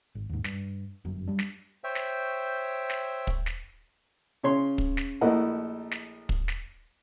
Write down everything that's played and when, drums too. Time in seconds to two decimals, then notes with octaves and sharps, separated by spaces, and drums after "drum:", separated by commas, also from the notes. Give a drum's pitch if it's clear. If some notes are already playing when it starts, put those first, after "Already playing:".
0.15 G#1
0.29 D#2 G#2
0.44 G2, drum: snare
1.05 G1 F#2
1.28 F#3 G3 D4
1.39 drum: snare
1.84 C5 C#5 E5 G5
1.95 drum: snare
2.89 drum: snare
3.27 drum: kick
3.46 drum: snare
4.43 C#3 C#5 C6
4.78 drum: kick
4.97 drum: snare
5.21 A#1 A3 E4 A#4 D#5 F#5
5.91 drum: snare
6.29 drum: kick
6.48 drum: snare